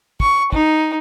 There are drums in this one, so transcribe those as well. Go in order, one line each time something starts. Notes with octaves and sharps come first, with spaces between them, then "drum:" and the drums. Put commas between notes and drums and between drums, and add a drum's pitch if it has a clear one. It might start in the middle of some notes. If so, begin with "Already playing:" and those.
C#6, drum: kick
D#4, drum: kick